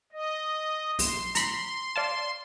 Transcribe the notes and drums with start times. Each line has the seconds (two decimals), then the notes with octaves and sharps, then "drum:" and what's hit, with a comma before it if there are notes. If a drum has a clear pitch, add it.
0.12 D#5
0.99 B1 C6, drum: open hi-hat
1.35 A#5 B5, drum: hi-hat
1.96 D5 F5 A5